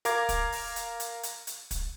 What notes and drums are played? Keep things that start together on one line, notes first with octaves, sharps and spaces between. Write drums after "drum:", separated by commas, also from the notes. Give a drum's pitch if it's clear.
A#4 F5 A#5 D6 G#6, drum: hi-hat
drum: kick, hi-hat
drum: open hi-hat
drum: hi-hat
drum: hi-hat
drum: hi-hat
drum: hi-hat
drum: kick, hi-hat